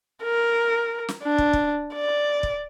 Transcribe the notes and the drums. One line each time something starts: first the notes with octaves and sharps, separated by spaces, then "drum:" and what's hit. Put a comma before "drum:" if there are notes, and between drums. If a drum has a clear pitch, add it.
A#4
drum: snare
D4
drum: kick
drum: kick
D5
drum: kick